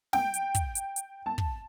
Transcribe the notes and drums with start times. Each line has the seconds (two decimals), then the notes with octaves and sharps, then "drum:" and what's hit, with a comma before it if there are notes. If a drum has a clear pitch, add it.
0.13 G5, drum: snare
0.34 drum: hi-hat
0.55 drum: kick, hi-hat
0.75 drum: hi-hat
0.96 drum: hi-hat
1.26 A5
1.38 drum: kick